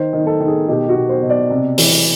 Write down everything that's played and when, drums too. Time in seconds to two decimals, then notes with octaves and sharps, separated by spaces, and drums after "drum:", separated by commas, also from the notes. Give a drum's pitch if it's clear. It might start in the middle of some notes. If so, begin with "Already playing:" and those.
Already playing: D#3 C5
0.13 D#3
0.27 A4
0.40 D#3
0.47 G#4
0.69 B2 G4
0.89 F#4
0.95 B2
1.09 C5
1.22 B2
1.30 D5
1.50 C3
1.78 E3, drum: open hi-hat